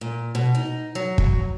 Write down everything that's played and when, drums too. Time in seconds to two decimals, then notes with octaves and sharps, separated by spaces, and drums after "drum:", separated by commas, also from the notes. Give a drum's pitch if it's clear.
0.01 A#2
0.35 B2
0.55 D#4
0.95 F#3
1.18 drum: kick